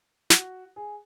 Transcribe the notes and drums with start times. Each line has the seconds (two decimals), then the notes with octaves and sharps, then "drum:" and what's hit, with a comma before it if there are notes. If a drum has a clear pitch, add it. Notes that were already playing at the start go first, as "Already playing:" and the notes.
0.30 F#4, drum: snare
0.76 G#4